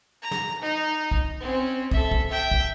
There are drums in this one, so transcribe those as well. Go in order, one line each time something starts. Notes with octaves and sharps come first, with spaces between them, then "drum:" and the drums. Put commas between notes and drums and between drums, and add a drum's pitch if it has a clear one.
A#5
drum: snare
D#4
drum: kick
C4 C#4
A4 E5, drum: kick
drum: kick
E5 G5
drum: kick